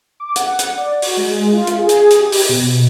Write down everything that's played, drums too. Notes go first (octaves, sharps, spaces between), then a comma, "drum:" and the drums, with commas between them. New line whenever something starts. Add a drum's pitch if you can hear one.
D6
F#5, drum: hi-hat
drum: hi-hat
D5
F#4, drum: open hi-hat
G#3
F4
drum: hi-hat
G#4
drum: hi-hat
drum: hi-hat
G4
drum: open hi-hat
B2